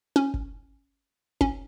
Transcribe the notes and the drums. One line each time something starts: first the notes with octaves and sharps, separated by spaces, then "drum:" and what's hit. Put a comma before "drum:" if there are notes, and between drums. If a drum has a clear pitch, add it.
C#4
drum: kick G1
C#4, drum: kick G1